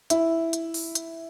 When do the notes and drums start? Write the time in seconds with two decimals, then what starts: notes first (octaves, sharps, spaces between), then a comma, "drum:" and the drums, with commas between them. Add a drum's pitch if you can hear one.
0.10 E4, drum: hi-hat
0.53 drum: hi-hat
0.74 drum: open hi-hat
0.95 drum: hi-hat